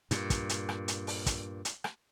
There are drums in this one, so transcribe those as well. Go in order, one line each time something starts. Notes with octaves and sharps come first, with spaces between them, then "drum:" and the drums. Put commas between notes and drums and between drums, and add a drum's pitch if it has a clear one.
G2 A#2, drum: hi-hat
drum: kick, hi-hat
drum: hi-hat
drum: rim click
drum: hi-hat
drum: open hi-hat
drum: kick, hi-hat
drum: hi-hat
drum: rim click